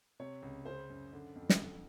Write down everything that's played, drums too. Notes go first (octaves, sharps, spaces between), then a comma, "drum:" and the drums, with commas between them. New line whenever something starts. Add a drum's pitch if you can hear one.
C3 C#5
C#2
C#3 C5
F#2
D3
F2
drum: snare
D3